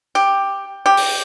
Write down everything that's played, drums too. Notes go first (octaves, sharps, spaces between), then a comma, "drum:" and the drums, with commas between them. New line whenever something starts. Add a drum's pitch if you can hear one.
G4
G4
drum: open hi-hat